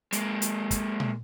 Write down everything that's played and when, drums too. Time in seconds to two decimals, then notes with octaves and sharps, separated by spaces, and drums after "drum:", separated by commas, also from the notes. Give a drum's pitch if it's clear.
0.13 G#3 A#3, drum: hi-hat
0.42 drum: hi-hat
0.71 drum: kick, hi-hat
1.00 drum: tom A#2